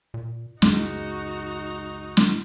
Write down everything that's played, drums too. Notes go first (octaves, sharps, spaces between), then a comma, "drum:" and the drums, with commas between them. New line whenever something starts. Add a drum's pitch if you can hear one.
A#2
C#2 F#2 G#3 D#4 F#4, drum: snare
drum: snare